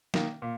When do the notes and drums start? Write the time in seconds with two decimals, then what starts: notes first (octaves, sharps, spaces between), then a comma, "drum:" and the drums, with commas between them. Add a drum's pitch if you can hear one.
0.14 D#3 A#3, drum: snare
0.42 A#2